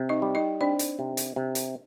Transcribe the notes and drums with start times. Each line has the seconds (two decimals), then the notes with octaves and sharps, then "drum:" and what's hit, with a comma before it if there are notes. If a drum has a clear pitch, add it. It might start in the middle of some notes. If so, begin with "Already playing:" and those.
Already playing: C3
0.09 D#4 D#5
0.22 G3
0.35 D#4 D#5
0.61 C4 D4 D5
0.79 drum: hi-hat
0.99 C3
1.17 drum: hi-hat
1.36 C3
1.55 drum: hi-hat